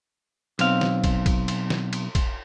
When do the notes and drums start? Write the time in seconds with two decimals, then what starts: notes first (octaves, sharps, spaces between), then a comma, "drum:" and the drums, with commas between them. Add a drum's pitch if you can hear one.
0.59 B1 C4 F5, drum: cymbal
0.81 drum: snare
1.04 drum: kick, cymbal
1.26 drum: kick, cymbal
1.48 drum: cymbal
1.70 drum: snare
1.93 drum: cymbal
2.15 drum: kick, cymbal